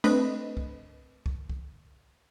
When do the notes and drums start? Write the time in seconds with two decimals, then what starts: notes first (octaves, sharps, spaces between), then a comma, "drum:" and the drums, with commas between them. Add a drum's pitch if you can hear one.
0.04 A3 C4 D4 B4 D#5, drum: cymbal
0.57 drum: kick C2
1.26 drum: kick C2
1.50 drum: kick C2